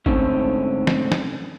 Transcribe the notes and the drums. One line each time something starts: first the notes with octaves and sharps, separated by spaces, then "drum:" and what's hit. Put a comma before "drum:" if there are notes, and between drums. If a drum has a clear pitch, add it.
G#2 D3 A3 C4 C#4 D#4, drum: kick G#1
drum: snare
drum: snare